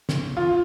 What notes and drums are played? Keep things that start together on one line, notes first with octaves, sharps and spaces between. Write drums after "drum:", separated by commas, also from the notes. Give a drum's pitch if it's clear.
drum: snare
F4